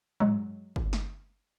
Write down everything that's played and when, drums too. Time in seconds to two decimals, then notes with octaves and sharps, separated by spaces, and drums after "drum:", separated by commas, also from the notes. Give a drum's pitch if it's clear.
0.20 F#3 G#3, drum: tom
0.76 drum: kick
0.93 drum: snare